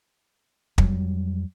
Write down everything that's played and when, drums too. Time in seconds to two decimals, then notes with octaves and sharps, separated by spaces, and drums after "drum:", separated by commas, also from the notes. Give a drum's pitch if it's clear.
0.78 F2 F#3 G3, drum: kick